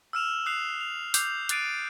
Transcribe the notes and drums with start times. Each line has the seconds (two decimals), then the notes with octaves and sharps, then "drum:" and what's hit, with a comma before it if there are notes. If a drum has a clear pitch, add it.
0.13 E6 F6 E7 F7
0.46 D#6 F#6 C7 F7
0.81 F7
1.14 D6 E6 G6 C7 F7, drum: open hi-hat
1.49 D6 F#6 A6 C7 D7 D#7, drum: hi-hat